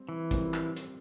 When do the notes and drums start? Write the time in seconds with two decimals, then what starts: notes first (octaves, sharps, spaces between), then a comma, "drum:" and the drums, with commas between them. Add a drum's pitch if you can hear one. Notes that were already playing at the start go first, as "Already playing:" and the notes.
Already playing: G3 C4
0.09 E3
0.31 G3 C4 F4 A#4, drum: kick, hi-hat
0.54 drum: clap
0.76 drum: hi-hat